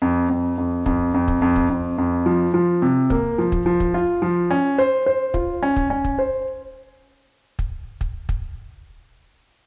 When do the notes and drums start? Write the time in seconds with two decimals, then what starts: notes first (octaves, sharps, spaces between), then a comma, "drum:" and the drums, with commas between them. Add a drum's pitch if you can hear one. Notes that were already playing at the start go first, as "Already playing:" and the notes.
0.02 F2
0.29 F2
0.58 F2
0.86 F2, drum: kick
1.14 F2
1.28 drum: kick
1.42 F2
1.56 drum: kick
1.70 F2
1.98 F2
2.26 F3
2.54 F3
2.82 C3
3.10 A#3, drum: kick
3.38 F3
3.52 drum: kick
3.66 F3
3.80 drum: kick
3.94 F4
4.22 F3
4.50 C#4
4.78 C5
5.06 C5
5.34 F4, drum: kick
5.63 C#4
5.76 drum: kick
5.90 C#4
6.04 drum: kick
6.19 C5
7.59 drum: kick
8.01 drum: kick
8.29 drum: kick